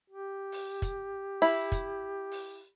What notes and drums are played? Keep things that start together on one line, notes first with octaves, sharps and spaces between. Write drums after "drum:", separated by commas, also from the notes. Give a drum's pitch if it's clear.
G4
drum: open hi-hat
drum: kick, hi-hat
E4, drum: open hi-hat
drum: kick, hi-hat
drum: open hi-hat